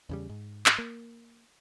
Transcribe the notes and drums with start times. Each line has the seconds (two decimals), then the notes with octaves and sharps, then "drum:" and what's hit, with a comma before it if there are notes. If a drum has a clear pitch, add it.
0.09 E2 C#3 G3
0.29 G#2
0.66 drum: clap
0.78 A#3